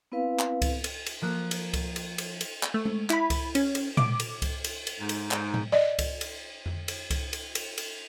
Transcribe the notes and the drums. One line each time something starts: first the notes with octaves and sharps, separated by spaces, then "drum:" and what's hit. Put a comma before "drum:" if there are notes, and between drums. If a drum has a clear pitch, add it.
B3 C4 E4 B4 F5
drum: clap
drum: kick C#2, cymbal
drum: cymbal
drum: cymbal
F3 A#3 F#6
drum: cymbal
drum: kick C#2, cymbal
drum: cymbal
drum: cymbal
drum: cymbal
drum: clap
A3
drum: tom G#3
E4 B5, drum: clap
drum: kick C#2, cymbal
C#4, drum: cymbal
drum: cymbal
D6, drum: tom A#2
drum: cymbal
drum: kick C#2, cymbal
drum: cymbal
drum: cymbal
G#2
drum: cymbal
G#2, drum: clap
drum: tom A2
D5 D#5
drum: kick C#2, cymbal
drum: cymbal
drum: tom F2
drum: cymbal
drum: kick C#2, cymbal
drum: cymbal
drum: cymbal
drum: cymbal